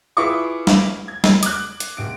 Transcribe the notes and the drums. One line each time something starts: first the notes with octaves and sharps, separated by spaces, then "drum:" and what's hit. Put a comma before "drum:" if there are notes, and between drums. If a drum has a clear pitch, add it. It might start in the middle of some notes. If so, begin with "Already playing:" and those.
E4 F4 G#4 B4 C#6 D6
drum: snare
G#6
drum: snare
D6 F#6, drum: hi-hat
drum: hi-hat
D1 D7